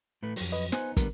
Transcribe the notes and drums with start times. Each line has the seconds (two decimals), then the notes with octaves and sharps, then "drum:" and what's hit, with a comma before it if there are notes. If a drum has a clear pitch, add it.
0.23 A2 A3 B4
0.36 F2 F#3, drum: open hi-hat
0.52 B4 D#5
0.72 B3 D#4 C5 G#5 F#6, drum: snare
0.97 D3 G3 B3 A#4, drum: kick, hi-hat